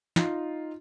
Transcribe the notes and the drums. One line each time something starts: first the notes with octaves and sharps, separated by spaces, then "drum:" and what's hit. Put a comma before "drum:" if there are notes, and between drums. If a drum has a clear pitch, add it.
D#4 F4, drum: snare